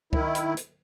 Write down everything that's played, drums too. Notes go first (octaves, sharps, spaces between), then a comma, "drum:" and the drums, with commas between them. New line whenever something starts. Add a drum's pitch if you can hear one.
D#3 E4, drum: kick
drum: hi-hat
drum: hi-hat